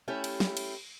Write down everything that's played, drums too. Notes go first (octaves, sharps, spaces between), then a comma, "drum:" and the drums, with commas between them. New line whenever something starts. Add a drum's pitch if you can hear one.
A3 C#4 E4 G4
drum: cymbal
drum: snare
drum: cymbal